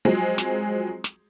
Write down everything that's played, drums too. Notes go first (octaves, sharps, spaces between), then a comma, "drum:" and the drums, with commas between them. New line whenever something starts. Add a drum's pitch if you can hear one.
F3 F#3 G#3 C4 G#4
drum: snare
drum: snare